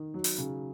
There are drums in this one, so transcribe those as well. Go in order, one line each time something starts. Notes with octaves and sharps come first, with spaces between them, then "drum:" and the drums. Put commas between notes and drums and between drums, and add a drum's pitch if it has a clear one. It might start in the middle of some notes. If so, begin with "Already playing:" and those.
Already playing: D#3
F#3
drum: open hi-hat
C#3